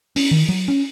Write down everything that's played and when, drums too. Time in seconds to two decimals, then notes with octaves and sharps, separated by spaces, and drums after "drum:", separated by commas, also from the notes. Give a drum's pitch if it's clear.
0.16 C#4, drum: open hi-hat
0.31 D#3
0.49 F#3
0.68 C#4